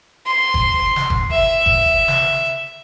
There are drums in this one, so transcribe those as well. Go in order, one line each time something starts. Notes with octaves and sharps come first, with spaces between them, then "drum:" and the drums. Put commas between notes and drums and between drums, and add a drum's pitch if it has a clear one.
C6
drum: kick
drum: snare
drum: kick
E5
drum: kick
drum: snare